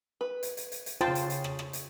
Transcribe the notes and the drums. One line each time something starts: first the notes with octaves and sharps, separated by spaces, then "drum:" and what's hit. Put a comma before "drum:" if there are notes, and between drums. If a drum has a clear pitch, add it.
B4
drum: hi-hat
drum: hi-hat
drum: hi-hat
drum: hi-hat
C#3 F4 C5 G5 A5, drum: rim click
drum: hi-hat
drum: hi-hat
drum: rim click
drum: rim click
drum: hi-hat